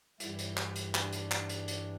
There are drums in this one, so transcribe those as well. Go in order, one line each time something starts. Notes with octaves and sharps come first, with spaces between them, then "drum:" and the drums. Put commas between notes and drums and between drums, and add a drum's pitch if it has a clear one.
G2 E3 G3 E4, drum: hi-hat
drum: hi-hat
drum: clap
drum: hi-hat
D4, drum: clap
drum: hi-hat
D4, drum: clap
drum: hi-hat
drum: hi-hat